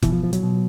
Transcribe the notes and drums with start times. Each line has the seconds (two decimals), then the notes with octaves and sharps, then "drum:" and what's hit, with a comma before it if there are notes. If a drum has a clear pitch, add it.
0.02 B2 E3, drum: kick F1, hi-hat
0.12 F3
0.23 F3
0.33 F#3, drum: hi-hat
0.43 B2